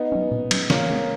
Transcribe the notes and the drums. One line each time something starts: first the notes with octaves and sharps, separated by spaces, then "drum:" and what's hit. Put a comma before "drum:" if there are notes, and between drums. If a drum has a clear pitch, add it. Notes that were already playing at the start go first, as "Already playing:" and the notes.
Already playing: B3 D#4
F#3 C#4
A#2
F#3 C#4, drum: cymbal
C#3 A#3 C#4, drum: snare
G#3 B3